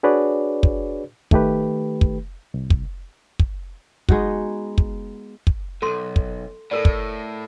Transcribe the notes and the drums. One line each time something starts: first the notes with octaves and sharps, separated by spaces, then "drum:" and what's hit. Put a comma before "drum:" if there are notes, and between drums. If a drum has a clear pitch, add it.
D4 F#4 G#4 B4 C#5 D5
drum: kick
D#3 A3 G4 B4, drum: kick
drum: kick
C2
drum: kick
drum: kick
G#3 B3 D#4 F#4, drum: kick
drum: kick
drum: kick
B1 G2 A4 C6
drum: kick
A2 A4 A#4 D5
drum: kick